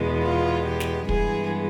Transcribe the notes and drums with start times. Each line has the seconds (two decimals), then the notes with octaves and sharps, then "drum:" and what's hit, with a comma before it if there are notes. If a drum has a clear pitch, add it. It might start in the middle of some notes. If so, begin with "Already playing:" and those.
Already playing: E2 B2 G#3 B3
0.23 F4
0.66 G4
0.80 drum: snare
1.09 G2 E3 G#3 B3 G#4, drum: kick